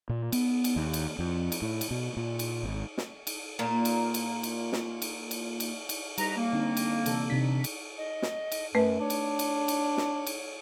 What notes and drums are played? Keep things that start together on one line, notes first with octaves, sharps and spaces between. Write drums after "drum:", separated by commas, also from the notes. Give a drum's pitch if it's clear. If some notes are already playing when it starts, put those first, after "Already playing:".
A#2
B3, drum: cymbal
drum: cymbal
D#2
drum: cymbal
F2
drum: cymbal
A2
drum: cymbal
B2
A#2
drum: cymbal
G#1
drum: snare
drum: cymbal
A#2 A#3
drum: cymbal
drum: cymbal
drum: cymbal
drum: snare
drum: cymbal
drum: cymbal
drum: cymbal
drum: cymbal
G3 D#4 B4 A#5, drum: cymbal
A#3
D3 C4 D#4
drum: cymbal
C3 E3 A4, drum: cymbal
C3 D4 D#4 B6
drum: cymbal
D#5
drum: snare
drum: cymbal
F#2 A3 B4
D4 C#5
drum: cymbal
drum: cymbal
drum: cymbal
drum: snare
drum: cymbal